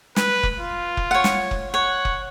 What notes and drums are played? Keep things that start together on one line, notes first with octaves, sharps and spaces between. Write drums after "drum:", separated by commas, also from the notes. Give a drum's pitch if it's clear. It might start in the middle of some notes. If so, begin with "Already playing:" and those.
B4, drum: snare
drum: kick F1
F4
drum: kick F1
C#5 F#5
drum: snare
drum: kick F1
C#5 F#5
drum: kick F1